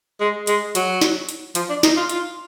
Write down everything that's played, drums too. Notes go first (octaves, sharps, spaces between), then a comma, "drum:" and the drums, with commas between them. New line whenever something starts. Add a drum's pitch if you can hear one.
G#3
G#3, drum: hi-hat
F#3, drum: hi-hat
drum: snare
drum: hi-hat
F3, drum: hi-hat
D4
D#4, drum: snare
F4
F4, drum: hi-hat